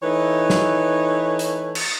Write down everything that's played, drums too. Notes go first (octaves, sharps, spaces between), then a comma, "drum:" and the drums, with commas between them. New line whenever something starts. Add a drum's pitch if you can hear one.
E3 A3 D#4 B4 C#5
drum: snare
drum: hi-hat
drum: cymbal